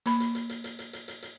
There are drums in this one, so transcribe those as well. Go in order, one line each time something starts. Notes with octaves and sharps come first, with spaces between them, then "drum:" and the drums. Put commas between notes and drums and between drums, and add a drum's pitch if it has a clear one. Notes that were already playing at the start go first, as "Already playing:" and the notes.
A#3 B5, drum: hi-hat
drum: hi-hat
drum: hi-hat
drum: hi-hat
drum: hi-hat
drum: hi-hat
drum: hi-hat
drum: hi-hat
drum: hi-hat